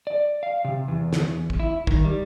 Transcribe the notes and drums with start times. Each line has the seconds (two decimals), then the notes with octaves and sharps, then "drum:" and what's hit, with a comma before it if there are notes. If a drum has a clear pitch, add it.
0.07 D5
0.43 F5
0.65 C3
0.88 E2
1.13 drum: snare
1.50 drum: kick
1.60 E4
1.87 D#3, drum: kick
2.05 G3